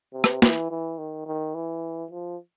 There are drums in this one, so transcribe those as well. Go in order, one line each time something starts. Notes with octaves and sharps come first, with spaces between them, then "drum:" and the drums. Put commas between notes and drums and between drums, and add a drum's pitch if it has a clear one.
C3
drum: rim click
E3, drum: snare
E3
D#3
D#3
E3
F3